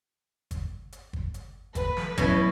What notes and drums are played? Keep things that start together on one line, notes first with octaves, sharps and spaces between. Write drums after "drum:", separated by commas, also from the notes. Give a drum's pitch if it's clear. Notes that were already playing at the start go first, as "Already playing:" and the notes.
drum: kick G1, hi-hat
drum: hi-hat
drum: kick G1
drum: hi-hat
A3 B4, drum: kick G1, hi-hat
drum: snare
B2 E3 F#3 B3 C#4 D#4 E4, drum: kick G1, hi-hat